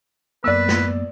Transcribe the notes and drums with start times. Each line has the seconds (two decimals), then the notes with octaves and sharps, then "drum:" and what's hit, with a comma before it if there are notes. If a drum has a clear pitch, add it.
0.44 F#2 A#3 B3 B4 D5 E6
0.68 drum: snare